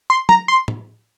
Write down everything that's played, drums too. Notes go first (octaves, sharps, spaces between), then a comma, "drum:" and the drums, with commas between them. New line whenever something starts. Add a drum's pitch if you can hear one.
C6
A#5, drum: tom
C6
drum: tom